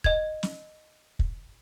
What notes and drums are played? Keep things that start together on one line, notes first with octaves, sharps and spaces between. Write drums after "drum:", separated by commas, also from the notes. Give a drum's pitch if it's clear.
D#5 G#6, drum: kick
drum: snare
drum: kick